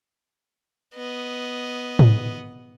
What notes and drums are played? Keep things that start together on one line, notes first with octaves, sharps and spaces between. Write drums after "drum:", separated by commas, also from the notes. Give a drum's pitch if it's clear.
B3 D#5
drum: tom